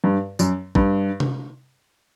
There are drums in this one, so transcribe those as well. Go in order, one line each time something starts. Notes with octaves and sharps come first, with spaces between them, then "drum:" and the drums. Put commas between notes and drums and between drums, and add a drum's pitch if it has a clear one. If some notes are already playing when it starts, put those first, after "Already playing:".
G2
F#2, drum: tambourine
G2, drum: kick
drum: tom C3